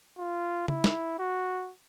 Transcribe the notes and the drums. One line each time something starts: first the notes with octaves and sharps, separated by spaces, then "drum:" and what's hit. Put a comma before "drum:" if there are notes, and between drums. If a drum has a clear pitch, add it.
F4
E4, drum: tom C#3
drum: snare
F#4